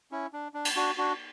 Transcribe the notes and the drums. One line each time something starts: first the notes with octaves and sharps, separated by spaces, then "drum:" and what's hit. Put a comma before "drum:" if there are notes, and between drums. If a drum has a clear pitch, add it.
C#4 E4
D4
D4
drum: cymbal
D4 F#4
D4 F#4